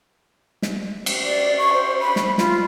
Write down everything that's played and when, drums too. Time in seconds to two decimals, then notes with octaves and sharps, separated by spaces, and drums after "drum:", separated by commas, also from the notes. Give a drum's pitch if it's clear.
0.62 drum: snare
1.06 drum: cymbal
1.23 D5
1.58 C#6
1.73 C5
2.00 B5
2.16 drum: snare
2.38 F4, drum: snare